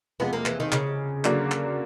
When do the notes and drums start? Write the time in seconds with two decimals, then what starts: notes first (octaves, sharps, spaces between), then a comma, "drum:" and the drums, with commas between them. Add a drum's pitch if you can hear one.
0.20 E2 C3 F3 G#3 B3
0.33 A#3
0.46 E3, drum: clap
0.60 D#3
0.72 C#3, drum: clap
1.25 D3 F#3 A#3 D4 F#4, drum: clap
1.52 drum: clap